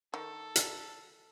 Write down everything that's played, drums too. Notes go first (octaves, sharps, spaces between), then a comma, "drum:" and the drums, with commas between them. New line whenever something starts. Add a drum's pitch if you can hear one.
D#3 A4
drum: hi-hat